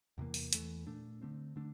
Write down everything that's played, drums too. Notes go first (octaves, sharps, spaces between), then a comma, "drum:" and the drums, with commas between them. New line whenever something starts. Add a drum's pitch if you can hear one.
E2 C3 E3 A#3
drum: open hi-hat
E2 E3 A3, drum: hi-hat
A#2 A3 D4
D3 A3 C4
D3 A3 D4